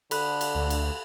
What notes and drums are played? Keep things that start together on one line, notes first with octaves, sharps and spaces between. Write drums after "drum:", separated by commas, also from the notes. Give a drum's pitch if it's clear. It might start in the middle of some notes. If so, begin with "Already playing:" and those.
D3 A4 B5 F#6, drum: cymbal
drum: cymbal
D2
drum: cymbal